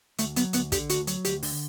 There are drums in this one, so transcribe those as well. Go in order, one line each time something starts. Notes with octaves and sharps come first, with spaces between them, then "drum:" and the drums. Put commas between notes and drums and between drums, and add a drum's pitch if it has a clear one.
D2 A3, drum: hi-hat
F#3 B3, drum: hi-hat
D2 B3, drum: hi-hat
D3 G4, drum: kick, hi-hat
D2 F#4, drum: hi-hat
F#3, drum: hi-hat
D2 G4, drum: hi-hat
D3, drum: open hi-hat